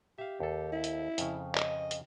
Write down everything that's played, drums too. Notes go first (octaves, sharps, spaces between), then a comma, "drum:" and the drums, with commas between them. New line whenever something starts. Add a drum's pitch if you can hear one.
G4 E5 F5
D#2 A4
E4
drum: hi-hat
F2 C#3, drum: hi-hat
D#5, drum: clap
drum: hi-hat